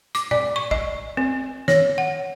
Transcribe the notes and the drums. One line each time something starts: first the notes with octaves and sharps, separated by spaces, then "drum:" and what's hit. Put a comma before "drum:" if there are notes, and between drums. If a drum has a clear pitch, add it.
D6, drum: hi-hat
D5, drum: tom A#2
C#6
D#5, drum: kick
C4
C#5, drum: snare
F#5